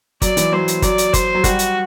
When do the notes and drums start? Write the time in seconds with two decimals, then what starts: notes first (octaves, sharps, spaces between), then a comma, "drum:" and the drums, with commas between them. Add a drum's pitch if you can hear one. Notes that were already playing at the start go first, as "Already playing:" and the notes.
0.22 F#3 D5, drum: kick G1, hi-hat
0.37 E3, drum: hi-hat
0.52 F#3 C5
0.68 drum: hi-hat
0.82 F#3 D5, drum: kick G1, hi-hat
0.98 drum: hi-hat
1.14 C5, drum: kick G1, hi-hat
1.35 F#3
1.44 G3 F#4, drum: kick G1, hi-hat
1.59 drum: hi-hat